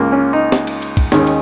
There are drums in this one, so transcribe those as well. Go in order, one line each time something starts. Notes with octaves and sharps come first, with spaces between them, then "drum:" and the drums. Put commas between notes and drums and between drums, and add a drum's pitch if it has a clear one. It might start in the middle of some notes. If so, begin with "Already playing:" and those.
Already playing: C#2 C#3 A#3
C#4
D#4
drum: snare
drum: cymbal
drum: cymbal
drum: kick, cymbal
D#2 D#3 G#3 C#4, drum: snare
drum: cymbal